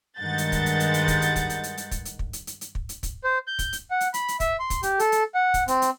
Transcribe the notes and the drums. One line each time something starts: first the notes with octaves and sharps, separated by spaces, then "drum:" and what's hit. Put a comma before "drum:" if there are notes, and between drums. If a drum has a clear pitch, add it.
G2 D#3 G#3 F#5 G6 A6
drum: hi-hat
drum: kick, hi-hat
drum: hi-hat
drum: hi-hat
drum: hi-hat
drum: kick, hi-hat
drum: hi-hat
drum: kick, hi-hat
drum: hi-hat
drum: hi-hat
drum: hi-hat
drum: kick, hi-hat
drum: hi-hat
drum: kick
drum: hi-hat
drum: hi-hat
drum: hi-hat
drum: kick
drum: hi-hat
drum: kick, hi-hat
C5
G6
drum: kick, hi-hat
drum: hi-hat
F#5
drum: hi-hat
B5, drum: hi-hat
drum: hi-hat
E5, drum: kick, hi-hat
C6
drum: kick, hi-hat
G4, drum: hi-hat
A4, drum: hi-hat
drum: hi-hat
F#5
drum: kick, hi-hat
C4, drum: hi-hat
drum: hi-hat